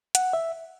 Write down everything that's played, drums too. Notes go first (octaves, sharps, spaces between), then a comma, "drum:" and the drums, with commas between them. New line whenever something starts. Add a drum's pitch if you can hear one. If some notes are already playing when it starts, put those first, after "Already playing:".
F#5, drum: hi-hat
E5